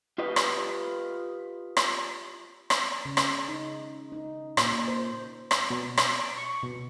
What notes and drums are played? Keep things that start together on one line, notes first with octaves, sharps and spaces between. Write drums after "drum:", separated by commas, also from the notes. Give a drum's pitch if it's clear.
F4 G4 B4 D#5
drum: rim click
drum: rim click
drum: rim click
C#3
drum: rim click
D#4
D#4
A#2, drum: rim click
C5
drum: rim click
B2
drum: rim click
D6
C#6
B2